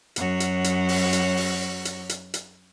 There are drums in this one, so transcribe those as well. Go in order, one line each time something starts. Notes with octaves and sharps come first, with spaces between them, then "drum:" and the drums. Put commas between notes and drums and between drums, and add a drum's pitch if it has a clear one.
F#2 F#4 C#5, drum: hi-hat
drum: hi-hat
drum: hi-hat
drum: open hi-hat
drum: hi-hat
drum: open hi-hat
drum: hi-hat
drum: hi-hat
drum: hi-hat